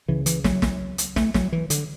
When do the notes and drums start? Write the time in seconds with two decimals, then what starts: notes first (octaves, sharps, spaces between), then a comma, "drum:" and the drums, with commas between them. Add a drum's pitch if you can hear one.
0.08 C#2 C#3 E3
0.26 E3, drum: hi-hat
0.44 F#3, drum: snare
0.62 drum: snare
0.98 drum: hi-hat
1.16 A3, drum: snare
1.34 F#3, drum: snare
1.52 E3
1.70 D3, drum: hi-hat